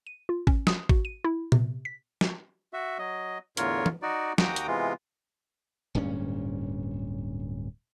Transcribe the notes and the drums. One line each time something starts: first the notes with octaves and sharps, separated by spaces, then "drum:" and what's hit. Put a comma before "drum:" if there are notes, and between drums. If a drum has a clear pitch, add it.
D#7
F4
C#4, drum: kick A1
D#6, drum: snare
F#4, drum: kick A1
D#7
E4
C3, drum: tom A#2
B6
drum: snare
F#4 E5
F#3 D#5
E2 A2 D3 F4 A#4 C#5, drum: hi-hat
drum: tom
D#4 F#4 D5
D#2 F#4 G5 A#5 D6 D#6, drum: snare
drum: hi-hat
C3 E3 G#3 B3 F4
D1 G2 A#2 C#4